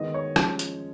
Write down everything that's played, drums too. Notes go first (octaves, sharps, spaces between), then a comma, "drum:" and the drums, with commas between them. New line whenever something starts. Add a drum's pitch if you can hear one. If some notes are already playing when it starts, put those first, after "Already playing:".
Already playing: D#3 G#3 B3 D#5
C#5
F3 G#3 C#4, drum: rim click
drum: hi-hat